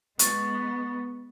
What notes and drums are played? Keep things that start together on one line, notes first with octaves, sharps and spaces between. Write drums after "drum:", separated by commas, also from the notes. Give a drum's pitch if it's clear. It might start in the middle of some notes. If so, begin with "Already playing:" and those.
G#3 B3 C#6 A6, drum: hi-hat